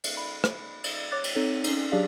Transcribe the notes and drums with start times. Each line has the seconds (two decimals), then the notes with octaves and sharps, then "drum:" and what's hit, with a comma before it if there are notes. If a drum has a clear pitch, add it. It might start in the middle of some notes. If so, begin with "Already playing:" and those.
0.04 drum: cymbal
0.17 B5
0.44 drum: rim click
0.84 drum: cymbal
1.11 C#5 D6 F#6 A6
1.24 drum: cymbal
1.35 C4 D#4 A4 C#5
1.64 C#4 D#4, drum: cymbal
1.92 F#3 D4 G4 G#4 D5 F5